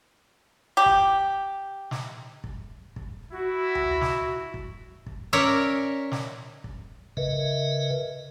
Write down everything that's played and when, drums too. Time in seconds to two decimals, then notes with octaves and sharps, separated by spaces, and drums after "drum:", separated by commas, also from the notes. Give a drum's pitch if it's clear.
0.77 G4
0.86 drum: kick
1.91 drum: snare
2.44 drum: kick
2.96 drum: kick
3.32 E4 F#4
3.75 drum: tom D2
4.01 drum: snare
4.54 drum: kick
5.06 drum: kick
5.33 C#4 A#4 C#5 D5 E5
6.12 drum: snare
6.64 drum: kick
7.17 C#3 A#4 B4 D#5 E5, drum: kick